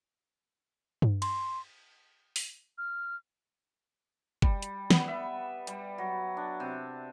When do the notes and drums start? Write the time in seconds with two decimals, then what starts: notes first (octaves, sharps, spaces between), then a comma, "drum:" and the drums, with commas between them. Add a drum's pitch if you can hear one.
1.02 drum: tom G2
1.22 C6, drum: cymbal
2.36 drum: open hi-hat
2.78 F6
4.42 G3, drum: kick
4.62 drum: hi-hat
4.90 B3, drum: snare
5.08 E5
5.67 G3, drum: hi-hat
5.98 F#3
6.37 D4
6.60 C3